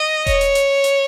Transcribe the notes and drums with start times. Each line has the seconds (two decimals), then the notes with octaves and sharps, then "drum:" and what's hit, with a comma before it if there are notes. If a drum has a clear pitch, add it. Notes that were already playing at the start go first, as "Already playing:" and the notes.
Already playing: D#5
0.26 C#5, drum: kick E1, hi-hat
0.41 drum: hi-hat
0.55 drum: hi-hat
0.84 drum: hi-hat